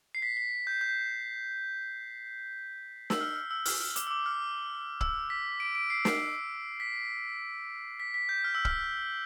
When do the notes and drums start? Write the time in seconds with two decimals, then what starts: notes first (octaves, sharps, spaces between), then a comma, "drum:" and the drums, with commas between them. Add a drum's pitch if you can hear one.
0.15 C7
0.22 B6
0.37 B6
0.67 G6
0.81 G6
3.10 E6, drum: snare
3.21 F6
3.36 F6
3.51 E6
3.66 F6, drum: open hi-hat
3.80 F6
3.96 D6, drum: hi-hat
4.07 E6
4.11 D6
4.26 F6
5.01 E6, drum: kick
5.30 B6
5.60 D7
5.75 D7
5.90 C7
6.05 C7, drum: snare
6.80 B6
8.00 B6
8.14 B6
8.29 G6
8.44 F6
8.55 E6
8.65 F6, drum: kick